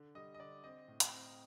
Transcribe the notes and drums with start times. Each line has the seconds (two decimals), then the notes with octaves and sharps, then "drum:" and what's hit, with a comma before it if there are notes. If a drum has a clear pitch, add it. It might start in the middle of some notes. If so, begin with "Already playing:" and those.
Already playing: D3
0.15 G3 D#5
0.34 D#5
0.40 D3 D5
0.64 C4 D#5
0.88 A2
1.00 G5, drum: hi-hat
1.12 C4